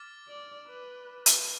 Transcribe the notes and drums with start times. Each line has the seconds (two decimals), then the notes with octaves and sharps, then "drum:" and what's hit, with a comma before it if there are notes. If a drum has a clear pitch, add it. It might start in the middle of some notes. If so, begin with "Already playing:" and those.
Already playing: D6 F6 A6
0.28 D5
0.68 B4
1.26 drum: hi-hat